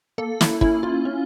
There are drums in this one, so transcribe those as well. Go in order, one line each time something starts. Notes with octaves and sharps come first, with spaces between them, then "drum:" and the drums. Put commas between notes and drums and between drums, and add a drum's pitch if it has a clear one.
A#3 A4
E4, drum: snare
C#4 E4, drum: kick
F4
C#4